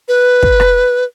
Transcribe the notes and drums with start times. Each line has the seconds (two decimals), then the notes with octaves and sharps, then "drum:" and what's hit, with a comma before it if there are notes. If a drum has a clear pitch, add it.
0.08 B4
0.43 drum: kick
0.60 drum: rim click